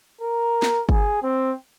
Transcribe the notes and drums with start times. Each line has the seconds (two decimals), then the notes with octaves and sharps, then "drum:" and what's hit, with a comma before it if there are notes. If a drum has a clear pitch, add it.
0.21 A#4
0.62 drum: snare
0.89 G#4, drum: kick
1.22 C4